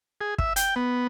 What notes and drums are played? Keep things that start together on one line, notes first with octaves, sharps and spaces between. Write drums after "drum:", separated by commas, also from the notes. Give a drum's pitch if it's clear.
G#4
E5, drum: kick
G5, drum: hi-hat
B3